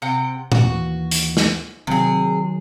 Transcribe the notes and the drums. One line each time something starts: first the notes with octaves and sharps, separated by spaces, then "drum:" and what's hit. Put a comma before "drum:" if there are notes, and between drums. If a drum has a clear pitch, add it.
C3 F#5 G5
A2 D#3 F#4, drum: tom
D#2 E3 A#3
drum: hi-hat
drum: snare
C3 D#3 F#3 G#4